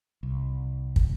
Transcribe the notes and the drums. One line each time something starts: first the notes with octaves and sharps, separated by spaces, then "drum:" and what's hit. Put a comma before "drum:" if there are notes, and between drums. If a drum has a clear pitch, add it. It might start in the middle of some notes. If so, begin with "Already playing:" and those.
C2
drum: kick